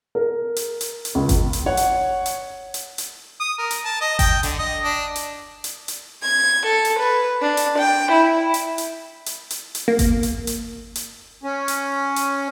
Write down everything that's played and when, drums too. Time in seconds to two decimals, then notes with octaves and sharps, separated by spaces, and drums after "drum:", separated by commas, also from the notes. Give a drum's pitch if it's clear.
0.15 A#4
0.56 drum: hi-hat
0.81 drum: hi-hat
1.05 drum: hi-hat
1.15 C#2
1.29 drum: kick G1, hi-hat
1.53 drum: hi-hat
1.66 C#5 F#5
1.77 drum: hi-hat
2.26 drum: hi-hat
2.74 drum: hi-hat
2.98 drum: hi-hat
3.40 D#6
3.58 A#4
3.71 drum: hi-hat
3.85 A5
4.01 D#5
4.19 G5, drum: kick G1, hi-hat
4.43 D3, drum: hi-hat
4.59 D#5
4.84 D4
5.16 drum: hi-hat
5.64 drum: hi-hat
5.88 drum: hi-hat
6.23 G#6
6.66 A4
6.85 drum: hi-hat
7.00 B4
7.42 D4
7.57 drum: hi-hat
7.78 G5
8.11 E4
8.54 drum: hi-hat
8.78 drum: hi-hat
9.26 drum: hi-hat
9.51 drum: hi-hat
9.75 drum: hi-hat
9.88 A#3
9.99 drum: kick G1, hi-hat
10.23 drum: hi-hat
10.47 drum: hi-hat
10.95 drum: hi-hat
11.43 C#4
11.68 drum: hi-hat
12.16 drum: hi-hat